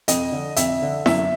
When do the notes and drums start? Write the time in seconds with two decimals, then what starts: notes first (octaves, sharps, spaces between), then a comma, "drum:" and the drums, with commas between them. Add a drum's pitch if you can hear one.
0.08 F2 D#5, drum: hi-hat
0.32 D3
0.56 F2 E5, drum: hi-hat
0.82 D3
1.06 F#2 E5, drum: snare E4